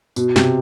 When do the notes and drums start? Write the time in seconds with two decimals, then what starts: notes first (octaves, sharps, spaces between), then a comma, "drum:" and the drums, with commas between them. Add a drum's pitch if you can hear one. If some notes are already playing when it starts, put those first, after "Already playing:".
0.16 B2, drum: tambourine
0.36 C3, drum: snare